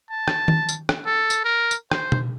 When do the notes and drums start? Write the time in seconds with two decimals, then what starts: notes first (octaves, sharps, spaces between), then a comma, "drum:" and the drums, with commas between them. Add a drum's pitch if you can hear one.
0.10 A5
0.28 drum: rim click
0.48 drum: tom D#3
0.69 drum: tambourine
0.89 drum: rim click
1.06 A4
1.30 drum: tambourine
1.44 A#4
1.71 drum: tambourine
1.91 C5, drum: rim click
2.12 drum: tom B2